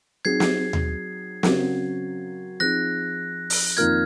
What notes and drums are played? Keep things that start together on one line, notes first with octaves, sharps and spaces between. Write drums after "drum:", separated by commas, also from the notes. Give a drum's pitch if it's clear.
F#3 C4 D#4 G#4 G#6 C7
drum: snare
drum: tom D#2
C#3 F#3 C4 F#4 A#4, drum: snare
F3 C4 D#4 G#4 F#6 A#6
drum: open hi-hat
F2 D#3 A#3 F4 A#4 F6 G#6